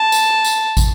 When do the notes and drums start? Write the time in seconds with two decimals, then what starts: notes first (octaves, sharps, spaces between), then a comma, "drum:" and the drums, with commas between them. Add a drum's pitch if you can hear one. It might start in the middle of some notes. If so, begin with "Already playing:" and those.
Already playing: A5
0.12 drum: tambourine
0.44 drum: tambourine
0.77 drum: kick, tambourine